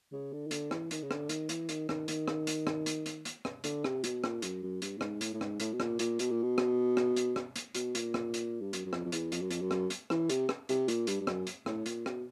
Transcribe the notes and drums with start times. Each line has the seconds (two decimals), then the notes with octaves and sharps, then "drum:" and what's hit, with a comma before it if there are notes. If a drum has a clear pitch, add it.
0.12 C#3
0.32 D3
0.46 D#3
0.51 D3, drum: hi-hat
0.71 E3, drum: rim click
0.91 D#3, drum: hi-hat
1.03 C#3
1.11 D3, drum: rim click
1.29 D#3, drum: hi-hat
1.49 E3, drum: hi-hat
1.69 D#3, drum: hi-hat
1.89 D#3, drum: rim click
2.08 D#3, drum: hi-hat
2.28 drum: rim click
2.47 drum: hi-hat
2.67 drum: rim click
2.86 drum: hi-hat
3.06 drum: hi-hat
3.25 drum: hi-hat
3.45 drum: rim click
3.64 D3, drum: hi-hat
3.84 C3, drum: rim click
4.04 B2, drum: hi-hat
4.24 A#2, drum: rim click
4.42 F#2, drum: hi-hat
4.63 F#2
4.82 G2, drum: hi-hat
4.97 A2
5.01 G#2, drum: rim click
5.21 A2, drum: hi-hat
5.33 A2
5.41 G#2, drum: rim click
5.60 A2, drum: hi-hat
5.73 B2
5.80 A#2, drum: rim click
5.99 A#2, drum: hi-hat
6.19 B2, drum: hi-hat
6.30 A#2
6.42 B2
6.58 drum: rim click
6.97 drum: rim click
7.16 drum: hi-hat
7.36 drum: rim click
7.56 drum: hi-hat
7.75 B2, drum: hi-hat
7.95 A#2, drum: hi-hat
8.14 drum: rim click
8.34 drum: hi-hat
8.61 G2
8.73 F#2, drum: hi-hat
8.86 F#2
8.93 F2, drum: rim click
9.05 F2
9.12 E2, drum: hi-hat
9.32 F2, drum: hi-hat
9.41 F#2
9.51 F2, drum: hi-hat
9.61 F#2
9.71 drum: rim click
9.90 drum: hi-hat
10.10 E3, drum: rim click
10.30 C3, drum: hi-hat
10.49 drum: rim click
10.69 C3, drum: hi-hat
10.88 A#2, drum: hi-hat
11.07 G2, drum: hi-hat
11.21 G2
11.27 F#2, drum: rim click
11.47 drum: hi-hat
11.66 A2, drum: rim click
11.86 A#2, drum: hi-hat
12.06 B2, drum: rim click